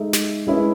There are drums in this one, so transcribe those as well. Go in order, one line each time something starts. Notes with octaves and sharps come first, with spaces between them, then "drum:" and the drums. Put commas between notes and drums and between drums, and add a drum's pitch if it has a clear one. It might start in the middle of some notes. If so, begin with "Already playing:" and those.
Already playing: G#3 D#4 A4 E5
drum: snare
G#3 C#4 E4 G#4 B4